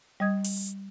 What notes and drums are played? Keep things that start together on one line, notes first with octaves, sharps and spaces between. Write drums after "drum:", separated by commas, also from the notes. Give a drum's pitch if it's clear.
G3 D#5 D#6 G#6
drum: open hi-hat